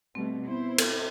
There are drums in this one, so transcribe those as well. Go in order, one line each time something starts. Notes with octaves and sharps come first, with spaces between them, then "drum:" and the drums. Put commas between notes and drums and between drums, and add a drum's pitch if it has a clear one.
B2 G3 A3 C4
B3 E4 C5
drum: cymbal